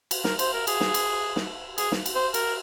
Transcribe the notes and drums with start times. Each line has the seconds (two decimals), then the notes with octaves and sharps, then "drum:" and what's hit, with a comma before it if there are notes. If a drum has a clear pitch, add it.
0.11 drum: cymbal
0.24 A#4, drum: snare
0.39 C5, drum: cymbal
0.53 A#4
0.67 G#4, drum: cymbal
0.80 drum: snare
0.94 drum: cymbal
1.36 drum: snare
1.78 G#4, drum: cymbal
1.92 drum: snare
2.06 drum: cymbal
2.15 C5
2.34 A#4, drum: cymbal